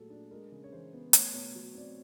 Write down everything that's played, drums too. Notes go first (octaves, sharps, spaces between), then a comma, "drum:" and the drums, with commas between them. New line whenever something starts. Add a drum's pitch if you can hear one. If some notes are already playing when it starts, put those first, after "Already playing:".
Already playing: A#2 F#3 A3 G#4 A4
D4
G#3 A#4
C#3
C#5
E3 C5
B3
A3 C#5, drum: hi-hat
B2 C#5
F#3
C4 D5